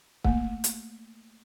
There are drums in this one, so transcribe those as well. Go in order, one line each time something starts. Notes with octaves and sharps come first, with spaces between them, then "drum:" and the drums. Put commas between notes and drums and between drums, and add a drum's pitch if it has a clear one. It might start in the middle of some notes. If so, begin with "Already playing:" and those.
A3 A#3, drum: kick
drum: hi-hat